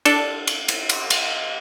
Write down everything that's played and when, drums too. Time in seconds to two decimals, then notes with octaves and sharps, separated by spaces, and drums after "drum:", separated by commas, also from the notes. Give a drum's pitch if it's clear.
0.05 D4 A4, drum: cymbal
0.47 drum: cymbal
0.68 drum: cymbal
0.89 drum: cymbal
1.10 drum: cymbal